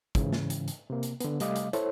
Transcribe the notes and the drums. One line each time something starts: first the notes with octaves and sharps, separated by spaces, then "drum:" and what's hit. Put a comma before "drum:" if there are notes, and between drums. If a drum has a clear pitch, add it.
G#2 C#3 E3, drum: kick, hi-hat
drum: snare
drum: hi-hat
drum: hi-hat
C3 A#3
drum: hi-hat
D3 B3, drum: hi-hat
C3 G3 A3 D#5 F5 D6, drum: hi-hat
drum: hi-hat
E4 A4 C5 C#5, drum: hi-hat